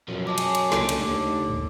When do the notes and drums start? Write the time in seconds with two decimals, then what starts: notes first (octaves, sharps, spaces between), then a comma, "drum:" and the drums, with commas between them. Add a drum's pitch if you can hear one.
0.08 F#2 B2 F3
0.27 C#5 D#5 G#5 A5 D6
0.38 drum: cymbal
0.55 drum: cymbal
0.72 C#2 D3 A#3 D4, drum: snare
0.89 drum: cymbal
1.01 D#2 A3 D#5 D6
1.48 D#1 G#1